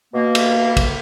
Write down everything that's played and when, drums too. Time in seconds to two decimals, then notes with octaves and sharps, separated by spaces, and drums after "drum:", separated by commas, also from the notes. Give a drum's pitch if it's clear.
0.14 B2 A#3
0.35 drum: cymbal
0.77 drum: kick, cymbal